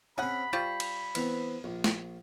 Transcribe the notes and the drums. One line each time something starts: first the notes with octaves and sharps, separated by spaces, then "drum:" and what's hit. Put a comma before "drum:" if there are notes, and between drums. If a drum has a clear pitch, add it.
C4 C#4 G#4 F#5 B5
G3 F4 C5 C#6
drum: cymbal
E3 B3 C4, drum: cymbal
A#1
drum: snare